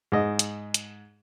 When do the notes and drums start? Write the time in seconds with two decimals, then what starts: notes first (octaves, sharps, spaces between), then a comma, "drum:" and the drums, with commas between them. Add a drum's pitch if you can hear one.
0.12 G#2 D#5
0.39 drum: hi-hat
0.74 drum: hi-hat